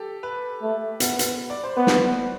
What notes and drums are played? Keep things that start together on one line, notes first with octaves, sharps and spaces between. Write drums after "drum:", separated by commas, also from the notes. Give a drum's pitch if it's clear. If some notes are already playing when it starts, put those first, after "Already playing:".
Already playing: G4 A4
B4
A3
B3, drum: hi-hat
drum: hi-hat
D5
C5
B3 B4
drum: snare